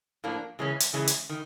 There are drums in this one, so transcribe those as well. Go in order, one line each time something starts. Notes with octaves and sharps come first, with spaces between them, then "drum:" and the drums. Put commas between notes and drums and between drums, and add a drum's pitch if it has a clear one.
A2 F3 A#3 D4
C#3 E3 G#3 C#4
drum: hi-hat
C#3 E3 G#3 C#4
drum: hi-hat
D#3